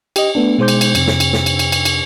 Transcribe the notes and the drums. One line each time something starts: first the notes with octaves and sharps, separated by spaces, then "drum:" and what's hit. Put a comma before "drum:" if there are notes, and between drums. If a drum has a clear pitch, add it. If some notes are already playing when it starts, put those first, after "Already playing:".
G4 D#5, drum: cymbal
A3 B3 D4
B2 G#3 D#4 C5 D6 G6
drum: cymbal
drum: cymbal
F2 C3, drum: cymbal
drum: snare
drum: cymbal
drum: snare
drum: cymbal
drum: cymbal
drum: cymbal
drum: cymbal